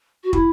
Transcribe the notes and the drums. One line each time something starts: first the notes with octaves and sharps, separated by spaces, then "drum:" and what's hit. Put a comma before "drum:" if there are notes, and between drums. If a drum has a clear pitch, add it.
F#4
E4, drum: kick